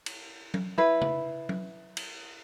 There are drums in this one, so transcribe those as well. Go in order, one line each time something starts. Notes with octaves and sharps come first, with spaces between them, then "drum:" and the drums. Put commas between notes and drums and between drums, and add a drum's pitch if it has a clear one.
drum: cymbal
drum: tom F#3
E4 B4
drum: tom C#3
drum: tom F#3
drum: cymbal